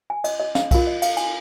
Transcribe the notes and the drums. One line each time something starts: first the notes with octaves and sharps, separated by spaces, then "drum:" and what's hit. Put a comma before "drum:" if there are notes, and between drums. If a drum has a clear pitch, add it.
G#5
D#5, drum: cymbal
D#5
F5, drum: snare
F4 A#4 F5, drum: kick, cymbal
D#5
F5, drum: cymbal
G#5, drum: cymbal